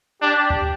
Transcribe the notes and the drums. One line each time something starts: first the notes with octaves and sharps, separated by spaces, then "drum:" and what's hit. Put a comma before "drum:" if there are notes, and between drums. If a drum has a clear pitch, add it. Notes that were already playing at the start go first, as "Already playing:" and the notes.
D4 G4
drum: tom D2